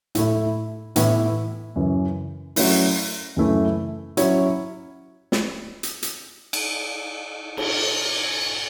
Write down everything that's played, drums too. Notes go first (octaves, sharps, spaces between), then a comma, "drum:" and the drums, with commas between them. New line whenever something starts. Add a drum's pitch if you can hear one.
A2 A3 E4, drum: hi-hat
A2 E3 B3 E4, drum: hi-hat
F#2 C#3 E3
F#3 A3 C#4 E4, drum: open hi-hat
F#2 C#3 E3 A3 E4
F#3 C#4 E4 C#5, drum: hi-hat
drum: snare
drum: hi-hat
drum: hi-hat
drum: cymbal
drum: cymbal